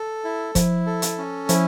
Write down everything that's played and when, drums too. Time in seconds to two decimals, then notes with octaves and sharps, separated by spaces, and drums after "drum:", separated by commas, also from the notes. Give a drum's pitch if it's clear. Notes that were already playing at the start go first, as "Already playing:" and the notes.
Already playing: A4
0.24 E4
0.55 F3 E4, drum: kick, hi-hat
0.86 A4
1.02 drum: hi-hat
1.18 C#4
1.49 F3 E4, drum: hi-hat